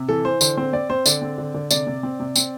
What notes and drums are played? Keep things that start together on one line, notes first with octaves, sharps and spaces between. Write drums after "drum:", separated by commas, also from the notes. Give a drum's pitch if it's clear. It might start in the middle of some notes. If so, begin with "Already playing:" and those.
Already playing: C3
E3 A4
E3 C5
D3 C5, drum: tambourine
C4 C5
C4 D5
C4 C5
D3 D5, drum: tambourine
C4
D3
D3
C3 D5, drum: tambourine
C3
C4
C3
C4, drum: tambourine